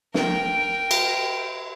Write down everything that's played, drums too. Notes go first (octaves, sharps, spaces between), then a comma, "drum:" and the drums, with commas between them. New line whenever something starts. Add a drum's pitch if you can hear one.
A#4 G5, drum: snare
drum: cymbal